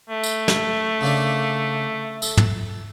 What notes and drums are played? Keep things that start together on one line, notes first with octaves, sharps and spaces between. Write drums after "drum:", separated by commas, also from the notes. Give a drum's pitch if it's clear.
A3
drum: tambourine
drum: snare
C#3 A#3 D4
A4, drum: tambourine
drum: tom